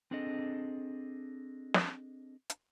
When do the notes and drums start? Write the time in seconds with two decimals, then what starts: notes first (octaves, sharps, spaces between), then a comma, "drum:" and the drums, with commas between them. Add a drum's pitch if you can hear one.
0.11 C4 D4 G#4 A4 D#5
1.74 drum: snare
2.50 drum: hi-hat